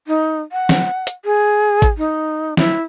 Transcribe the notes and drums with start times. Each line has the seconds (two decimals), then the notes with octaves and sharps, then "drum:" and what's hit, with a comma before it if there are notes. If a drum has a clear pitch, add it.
0.07 D#4
0.52 F#5
0.69 drum: snare
1.07 drum: hi-hat
1.25 G#4
1.82 drum: kick, hi-hat
1.98 D#4
2.57 E4, drum: snare